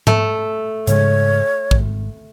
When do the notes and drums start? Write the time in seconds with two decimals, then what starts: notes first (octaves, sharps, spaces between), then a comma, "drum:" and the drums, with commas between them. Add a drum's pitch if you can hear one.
0.07 A3, drum: tom G#2
0.87 G#2 C#3 G#3 C#5, drum: hi-hat
1.71 D#1 G#1, drum: kick